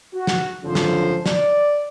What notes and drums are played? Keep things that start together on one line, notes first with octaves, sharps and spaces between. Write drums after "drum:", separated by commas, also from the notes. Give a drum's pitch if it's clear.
F#4
drum: snare
G#1 F#2 D3 F3 C5
drum: snare
D5, drum: snare